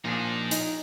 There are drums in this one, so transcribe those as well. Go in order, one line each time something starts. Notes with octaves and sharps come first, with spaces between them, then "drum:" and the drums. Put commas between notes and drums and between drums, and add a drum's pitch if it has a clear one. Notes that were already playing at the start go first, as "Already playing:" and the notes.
A#2 F3 D4 D#4 G#4
D#4, drum: hi-hat